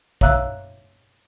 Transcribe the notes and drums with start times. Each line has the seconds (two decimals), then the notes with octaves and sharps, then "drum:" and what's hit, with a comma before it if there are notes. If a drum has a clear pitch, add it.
0.21 C#5 E5 F5 A#5 E6 F#6, drum: kick A#1